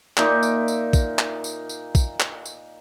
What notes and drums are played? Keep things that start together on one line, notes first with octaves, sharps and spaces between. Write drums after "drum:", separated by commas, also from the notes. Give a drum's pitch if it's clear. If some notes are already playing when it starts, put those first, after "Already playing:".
A#2 D#4 E5 D6, drum: clap
drum: tambourine
drum: tambourine
drum: kick, tambourine
drum: clap
drum: tambourine
drum: tambourine
drum: kick, tambourine
drum: clap
drum: tambourine